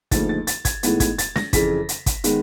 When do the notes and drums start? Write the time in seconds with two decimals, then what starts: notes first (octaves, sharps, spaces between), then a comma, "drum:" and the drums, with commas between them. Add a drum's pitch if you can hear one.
0.11 D2 C#3 F3 A#3 D#4 A6, drum: kick, hi-hat
0.29 A6
0.47 A6, drum: hi-hat
0.65 G#6, drum: kick, hi-hat
0.83 A2 E3 G#3 B3 D#4, drum: hi-hat
1.00 G#6, drum: kick, hi-hat
1.18 A6, drum: hi-hat
1.36 A#6, drum: snare
1.53 F2 C#3 E3 B6, drum: kick, hi-hat
1.89 drum: hi-hat
2.06 drum: kick, hi-hat
2.24 D#3 G#3 B3, drum: hi-hat